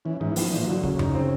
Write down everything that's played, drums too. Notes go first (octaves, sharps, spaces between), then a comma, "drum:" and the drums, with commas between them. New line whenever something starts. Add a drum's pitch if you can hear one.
E3 C#4
G#2 E3
F3 B3, drum: open hi-hat
A#2 E3
D3 F#3
C#3 F#3, drum: kick
D#4, drum: tom F#2
C4